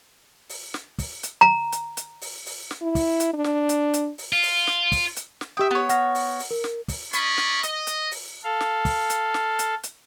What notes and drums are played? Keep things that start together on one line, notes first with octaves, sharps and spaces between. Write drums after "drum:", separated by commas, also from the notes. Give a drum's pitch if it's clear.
drum: open hi-hat
drum: snare
drum: kick, open hi-hat
drum: hi-hat
A#5
drum: hi-hat
drum: hi-hat
drum: open hi-hat
drum: open hi-hat
drum: snare
E4
drum: kick, open hi-hat
drum: hi-hat
D4
drum: snare
drum: hi-hat
drum: hi-hat
drum: open hi-hat
F4
drum: open hi-hat
drum: snare
drum: kick, open hi-hat
drum: hi-hat
drum: snare
G4 E5 G5 D#6
B3 C#5
F#5 F6 A#6, drum: hi-hat
drum: open hi-hat
drum: open hi-hat
A#4
drum: snare
drum: kick, open hi-hat
C#4 F4 D5 D#5 B5 C#6, drum: hi-hat
drum: snare
D#5, drum: hi-hat
drum: hi-hat
drum: open hi-hat
A4 F5
drum: snare
drum: kick, open hi-hat
drum: hi-hat
drum: snare
drum: hi-hat
drum: hi-hat